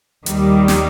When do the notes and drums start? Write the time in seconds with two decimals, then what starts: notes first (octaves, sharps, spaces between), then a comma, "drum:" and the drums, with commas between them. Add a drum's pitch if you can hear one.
0.26 D#2 D#3 G3, drum: hi-hat
0.68 drum: snare